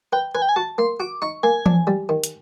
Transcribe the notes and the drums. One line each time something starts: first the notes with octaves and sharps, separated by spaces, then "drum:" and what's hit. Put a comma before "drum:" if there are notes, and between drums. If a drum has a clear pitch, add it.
B4 G5
B4 G#5
G5
G#5
F#4 A5
A#3 C6
F#4 D6
D#4 C#6
A#3 G#5
D4, drum: tom E3
G3
D#3
drum: hi-hat